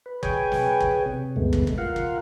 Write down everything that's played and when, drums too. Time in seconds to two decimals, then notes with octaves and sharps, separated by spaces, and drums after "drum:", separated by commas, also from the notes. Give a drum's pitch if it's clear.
0.06 B4
0.23 G#4 B4 C#5 G5 G#5, drum: kick
0.52 drum: snare
0.80 drum: kick
1.06 C3
1.36 D2 G2 G#3 A3 B3
1.53 drum: kick
1.67 drum: kick
1.78 F4 A#4 F5 F#5
1.96 drum: kick